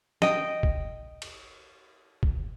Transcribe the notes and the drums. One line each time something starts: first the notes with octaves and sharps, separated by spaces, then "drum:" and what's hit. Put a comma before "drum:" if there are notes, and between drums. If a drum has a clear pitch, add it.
D#5 G5, drum: snare
drum: kick
drum: cymbal
drum: kick